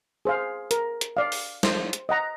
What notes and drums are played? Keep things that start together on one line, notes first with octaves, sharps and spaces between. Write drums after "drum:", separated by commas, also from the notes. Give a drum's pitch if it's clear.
G#4 C5 F5
A#4, drum: hi-hat
drum: hi-hat
D5 F5
drum: open hi-hat
C5, drum: snare
drum: hi-hat
D#5 F#5 A#5